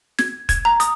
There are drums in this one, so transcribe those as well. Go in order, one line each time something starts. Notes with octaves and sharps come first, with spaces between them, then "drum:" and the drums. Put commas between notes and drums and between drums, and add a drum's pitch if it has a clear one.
G#6, drum: snare
G#6, drum: kick, hi-hat
A#5
D#6, drum: hi-hat